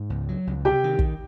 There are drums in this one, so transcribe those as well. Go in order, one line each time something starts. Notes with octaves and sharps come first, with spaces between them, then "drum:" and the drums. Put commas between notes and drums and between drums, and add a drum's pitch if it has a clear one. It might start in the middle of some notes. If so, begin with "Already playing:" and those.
Already playing: G#2
C#2
F#3
C#2
C3 G4 G5
D#3
drum: kick